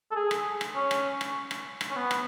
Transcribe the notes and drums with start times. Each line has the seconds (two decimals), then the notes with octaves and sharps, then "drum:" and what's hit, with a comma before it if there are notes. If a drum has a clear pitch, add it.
0.11 A4
0.16 G#4
0.31 drum: rim click
0.61 drum: rim click
0.76 C#4
0.91 drum: rim click
1.21 drum: rim click
1.51 drum: rim click
1.81 drum: rim click
1.91 C#4
1.96 B3
2.11 drum: rim click